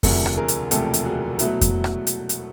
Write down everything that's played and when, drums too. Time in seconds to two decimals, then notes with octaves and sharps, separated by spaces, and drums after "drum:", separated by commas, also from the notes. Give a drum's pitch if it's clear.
0.03 E1 D2 C3 F3 A3 G#4 A#4, drum: kick F2, open hi-hat
0.26 drum: rim click
0.37 G#4 A#4
0.48 drum: hi-hat
0.71 E1 D2 C3 F3 A3 G4 A4, drum: hi-hat
0.94 drum: hi-hat
1.05 F#4 G#4
1.39 B2 F#3 A3 E4 F#4, drum: hi-hat
1.61 drum: kick F2, hi-hat
1.84 drum: rim click
2.07 drum: hi-hat
2.29 drum: hi-hat